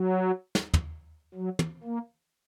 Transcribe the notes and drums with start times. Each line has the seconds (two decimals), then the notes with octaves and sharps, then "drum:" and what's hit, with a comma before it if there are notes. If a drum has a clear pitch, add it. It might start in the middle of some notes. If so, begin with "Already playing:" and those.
Already playing: F#3
0.55 drum: snare
0.74 drum: tom
1.34 F#3
1.59 drum: tom
1.83 A#3